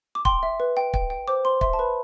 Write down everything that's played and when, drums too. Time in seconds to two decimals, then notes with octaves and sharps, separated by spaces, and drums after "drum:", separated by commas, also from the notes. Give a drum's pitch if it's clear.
0.15 D6
0.25 G5 C6, drum: kick
0.43 E5
0.60 B4
0.77 G5
0.94 G5, drum: kick
1.10 G5
1.28 C5 D6
1.45 C5 C6
1.61 E5 C6, drum: kick
1.73 A5
1.79 B4 B5